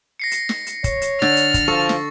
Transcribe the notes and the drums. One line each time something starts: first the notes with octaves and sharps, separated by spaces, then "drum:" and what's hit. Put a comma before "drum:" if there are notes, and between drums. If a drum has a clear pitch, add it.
A#6 C7 C#7
drum: hi-hat
drum: snare
drum: hi-hat
C#5, drum: kick, hi-hat
drum: hi-hat
D3 F6 A6, drum: snare
drum: hi-hat
drum: kick, hi-hat
F3 A4 C#6
drum: snare